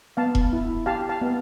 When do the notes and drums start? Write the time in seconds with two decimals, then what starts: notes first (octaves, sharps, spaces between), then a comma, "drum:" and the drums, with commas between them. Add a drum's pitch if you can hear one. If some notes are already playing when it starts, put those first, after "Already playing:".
0.17 B3 F5 A5
0.35 drum: kick E1
0.53 E4
0.86 G4 F5 A5
1.09 F5 A5
1.21 B3